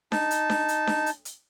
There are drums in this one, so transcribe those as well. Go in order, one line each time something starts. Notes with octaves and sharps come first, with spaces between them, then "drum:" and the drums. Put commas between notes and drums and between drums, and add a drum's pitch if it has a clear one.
D#4 A5, drum: snare D4
drum: hi-hat
drum: snare D4
drum: hi-hat
drum: snare D4
drum: hi-hat
drum: hi-hat